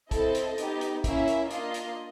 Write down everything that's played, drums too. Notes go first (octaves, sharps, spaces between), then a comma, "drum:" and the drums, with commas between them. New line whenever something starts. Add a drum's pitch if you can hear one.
C4 E4 A4 D#5, drum: kick, hi-hat
drum: hi-hat
B3 D#4 G4, drum: hi-hat
drum: hi-hat
A#3 C#4 E4 E5, drum: kick, hi-hat
drum: hi-hat
A#3 D4 F4 D#5, drum: hi-hat
drum: hi-hat